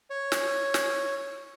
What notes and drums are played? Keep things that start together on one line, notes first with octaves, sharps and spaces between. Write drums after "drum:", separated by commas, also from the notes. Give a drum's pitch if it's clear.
C#5
drum: snare
drum: snare